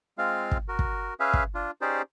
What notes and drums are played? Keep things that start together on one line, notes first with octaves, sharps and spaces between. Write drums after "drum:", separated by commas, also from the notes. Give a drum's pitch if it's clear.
G#3 C4 F4 F5
drum: kick
F#4 A#4
drum: kick
C#4 G#4 B4 E5 F5
drum: kick
D4 F4
C#4 D#4 G4 G#4 C5 D5